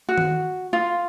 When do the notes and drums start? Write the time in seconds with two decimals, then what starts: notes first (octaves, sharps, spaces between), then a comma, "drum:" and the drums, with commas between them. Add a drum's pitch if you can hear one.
0.09 F#4
0.18 drum: tom D#3
0.73 F4